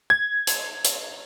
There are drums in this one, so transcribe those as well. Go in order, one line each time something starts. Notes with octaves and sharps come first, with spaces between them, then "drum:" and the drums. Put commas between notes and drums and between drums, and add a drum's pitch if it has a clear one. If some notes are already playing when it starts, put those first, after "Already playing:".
G#6
drum: hi-hat
drum: hi-hat